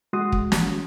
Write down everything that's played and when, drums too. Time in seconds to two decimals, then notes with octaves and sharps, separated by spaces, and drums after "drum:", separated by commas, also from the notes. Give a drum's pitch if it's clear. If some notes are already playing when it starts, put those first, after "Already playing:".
0.13 G#3 F#4 F#5 C6 D#6
0.32 drum: kick
0.52 drum: snare